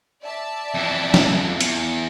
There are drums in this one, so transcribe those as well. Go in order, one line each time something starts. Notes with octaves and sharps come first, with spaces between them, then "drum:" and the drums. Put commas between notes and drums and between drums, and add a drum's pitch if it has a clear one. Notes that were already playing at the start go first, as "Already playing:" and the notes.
D5 E5 A5
F2 E3
drum: snare
E2, drum: hi-hat